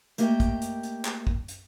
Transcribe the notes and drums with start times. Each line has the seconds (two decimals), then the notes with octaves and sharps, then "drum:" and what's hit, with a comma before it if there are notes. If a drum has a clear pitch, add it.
0.18 A3 A#3 G4 D#5 E5 G5, drum: hi-hat
0.40 drum: kick, hi-hat
0.62 drum: hi-hat
0.83 drum: hi-hat
1.05 drum: clap
1.27 drum: kick
1.48 drum: hi-hat